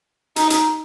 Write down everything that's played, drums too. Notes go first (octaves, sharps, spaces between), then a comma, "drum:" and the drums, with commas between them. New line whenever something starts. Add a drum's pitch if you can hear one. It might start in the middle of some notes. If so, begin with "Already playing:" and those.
D#4, drum: hi-hat
drum: hi-hat